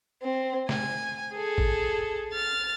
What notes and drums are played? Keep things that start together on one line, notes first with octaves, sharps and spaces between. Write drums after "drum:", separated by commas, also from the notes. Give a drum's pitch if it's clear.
C4
G#5, drum: snare
G#4 A4
drum: kick G#1
F6 A6